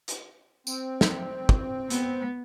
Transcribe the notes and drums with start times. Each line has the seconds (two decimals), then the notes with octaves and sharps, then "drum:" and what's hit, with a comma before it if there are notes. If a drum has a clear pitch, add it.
0.08 drum: hi-hat
0.67 C4, drum: tambourine
1.01 drum: snare
1.49 drum: kick
1.90 B3, drum: hi-hat